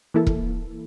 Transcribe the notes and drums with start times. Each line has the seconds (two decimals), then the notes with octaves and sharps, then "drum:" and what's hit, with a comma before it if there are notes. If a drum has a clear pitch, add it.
0.14 E3 A#3 E4 A4
0.27 drum: kick E1